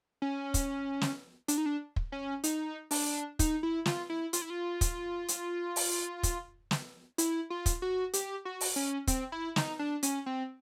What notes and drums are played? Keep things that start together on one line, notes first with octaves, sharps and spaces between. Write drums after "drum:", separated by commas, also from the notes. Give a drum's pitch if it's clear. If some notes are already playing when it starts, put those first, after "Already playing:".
C#4
drum: kick, hi-hat
drum: snare
D4, drum: hi-hat
D#4
D4
drum: kick
C#4
D#4, drum: hi-hat
D4, drum: open hi-hat
D#4, drum: kick, hi-hat
E4
F4, drum: snare
E4
F4, drum: hi-hat
E4
F4
drum: kick, hi-hat
drum: hi-hat
drum: open hi-hat
drum: kick, hi-hat
drum: snare
E4, drum: hi-hat
F4
drum: kick, hi-hat
F#4
G4, drum: hi-hat
F#4
drum: open hi-hat
C#4
C4, drum: kick, hi-hat
E4
D#4, drum: snare
D4
C#4, drum: hi-hat
C4